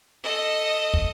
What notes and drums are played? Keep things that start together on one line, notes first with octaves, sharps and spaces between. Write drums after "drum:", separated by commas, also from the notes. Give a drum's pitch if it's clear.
A4 D#5
drum: kick